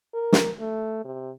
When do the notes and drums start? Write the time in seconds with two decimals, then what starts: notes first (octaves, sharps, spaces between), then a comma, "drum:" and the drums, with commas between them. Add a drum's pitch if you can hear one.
0.14 A#4
0.32 drum: snare
0.59 A3
1.04 C3